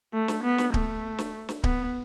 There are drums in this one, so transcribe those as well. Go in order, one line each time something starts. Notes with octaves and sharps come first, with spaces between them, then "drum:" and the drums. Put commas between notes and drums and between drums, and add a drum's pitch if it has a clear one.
A3
drum: snare
B3
drum: snare
A3, drum: kick D1
drum: snare
drum: snare
B3, drum: kick D1